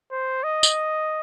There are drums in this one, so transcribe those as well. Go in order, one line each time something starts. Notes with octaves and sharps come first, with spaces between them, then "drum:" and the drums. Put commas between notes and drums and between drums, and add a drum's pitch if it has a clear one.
C5
D#5
drum: tambourine